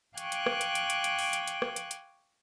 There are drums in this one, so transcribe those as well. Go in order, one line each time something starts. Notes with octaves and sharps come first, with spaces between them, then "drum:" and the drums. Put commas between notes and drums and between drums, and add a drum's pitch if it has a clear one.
F5 G5 G#5 C#6 D6 F#6, drum: hi-hat
drum: hi-hat
drum: rim click
drum: hi-hat
drum: hi-hat
drum: hi-hat
drum: hi-hat
drum: open hi-hat
drum: hi-hat
drum: hi-hat
drum: rim click
drum: hi-hat
drum: hi-hat